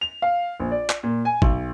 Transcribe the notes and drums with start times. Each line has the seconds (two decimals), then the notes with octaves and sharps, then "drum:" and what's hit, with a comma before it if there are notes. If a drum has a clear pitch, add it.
0.01 F7
0.22 F5
0.60 A#1
0.71 D5
0.90 drum: clap
1.03 A#2
1.25 G#5
1.42 B1, drum: kick